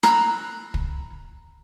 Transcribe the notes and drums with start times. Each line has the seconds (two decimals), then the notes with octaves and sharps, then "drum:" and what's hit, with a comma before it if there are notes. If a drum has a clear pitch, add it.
0.03 A#5 B5 E6 F#6, drum: rim click
0.74 drum: kick